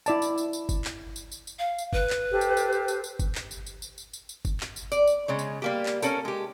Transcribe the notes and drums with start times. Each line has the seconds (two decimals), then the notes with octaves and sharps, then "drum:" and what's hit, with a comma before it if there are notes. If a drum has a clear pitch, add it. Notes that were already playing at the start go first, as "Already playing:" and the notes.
0.06 E4 D5 A5, drum: tambourine
0.22 drum: tambourine
0.38 drum: tambourine
0.53 drum: tambourine
0.69 drum: kick G1, tambourine
0.85 drum: clap
1.16 drum: tambourine
1.32 drum: tambourine
1.47 drum: tambourine
1.59 F5
1.79 drum: tambourine
1.93 B4, drum: kick G1
2.10 drum: clap
2.31 G4 A4 C5
2.41 drum: tambourine
2.57 drum: tambourine
2.72 drum: tambourine
2.88 drum: tambourine
3.04 drum: tambourine
3.19 drum: kick G1, tambourine
3.35 drum: clap
3.51 drum: tambourine
3.66 drum: tambourine
3.82 drum: tambourine
3.98 drum: tambourine
4.13 drum: tambourine
4.29 drum: tambourine
4.45 drum: kick G1, tambourine
4.60 drum: clap
4.76 drum: tambourine
4.92 D5, drum: tambourine
5.07 drum: tambourine
5.28 C#3 G#3 C#5
5.39 drum: tambourine
5.62 G3 A#3 G4
5.86 drum: clap
6.02 C#4 A4 A#4, drum: tambourine
6.25 G#3 G4